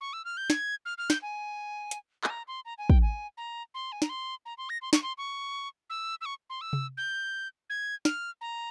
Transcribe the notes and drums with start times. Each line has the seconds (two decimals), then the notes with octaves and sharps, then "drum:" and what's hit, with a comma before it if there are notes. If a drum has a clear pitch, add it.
0.01 C#6
0.13 E6
0.25 F6
0.37 G6
0.50 G#6, drum: snare
0.85 F6
0.98 F6
1.10 G6, drum: snare
1.22 G#5
1.91 drum: hi-hat
2.24 G#5, drum: clap
2.30 A#5
2.48 C6
2.65 A#5
2.78 G#5
2.90 G5, drum: kick
3.02 G#5
3.37 A#5
3.74 C6
3.92 G#5
4.02 A#5, drum: snare
4.09 C6
4.46 A#5
4.58 C6
4.70 A#6
4.82 C6
4.93 C#6, drum: snare
5.03 C6
5.18 C#6
5.90 E6
6.21 E6
6.26 C#6
6.50 C6
6.61 E6
6.73 drum: tom C3
6.97 G6
7.70 G#6
8.05 F6, drum: snare
8.41 A#5